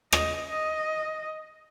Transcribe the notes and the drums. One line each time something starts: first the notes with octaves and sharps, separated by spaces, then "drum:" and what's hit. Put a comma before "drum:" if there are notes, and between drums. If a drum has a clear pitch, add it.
D#5, drum: rim click
D#5